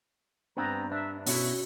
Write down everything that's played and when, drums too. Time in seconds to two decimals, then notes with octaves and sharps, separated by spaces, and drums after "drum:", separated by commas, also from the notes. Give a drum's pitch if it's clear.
0.57 G2 B3 C4 A#5
0.92 D4 E5
1.27 B2 C#4 E4 F#4, drum: open hi-hat